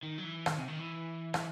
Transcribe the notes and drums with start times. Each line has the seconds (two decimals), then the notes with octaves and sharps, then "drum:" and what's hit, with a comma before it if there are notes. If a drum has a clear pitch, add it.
0.03 D#3
0.18 F#3
0.24 E3
0.46 D#3, drum: rim click
0.57 C3
0.68 D#3
0.79 E3
1.34 E3, drum: rim click